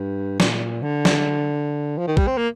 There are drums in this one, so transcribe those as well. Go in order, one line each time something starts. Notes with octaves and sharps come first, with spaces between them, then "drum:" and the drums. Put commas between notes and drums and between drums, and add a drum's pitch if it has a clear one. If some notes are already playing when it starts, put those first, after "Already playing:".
Already playing: G2
A#2, drum: snare
D3
drum: snare
F3
D#3
G3, drum: kick
C4
A#3